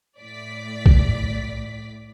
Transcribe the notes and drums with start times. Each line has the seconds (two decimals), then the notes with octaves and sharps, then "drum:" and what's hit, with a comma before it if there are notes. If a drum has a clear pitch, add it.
0.19 A2 D5 B6
0.86 drum: kick A#1